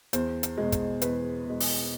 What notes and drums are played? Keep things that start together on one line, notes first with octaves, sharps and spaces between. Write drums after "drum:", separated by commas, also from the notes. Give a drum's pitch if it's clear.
E2 C5, drum: hi-hat
drum: hi-hat
B2 G#3
drum: kick, hi-hat
E2 B4, drum: hi-hat
B2 G#3
drum: open hi-hat